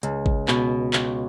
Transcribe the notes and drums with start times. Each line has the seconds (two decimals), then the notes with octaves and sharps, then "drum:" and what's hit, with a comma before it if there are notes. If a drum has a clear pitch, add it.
0.03 C#2, drum: hi-hat
0.26 drum: kick G#1
0.48 B2, drum: clap
0.93 C#2, drum: clap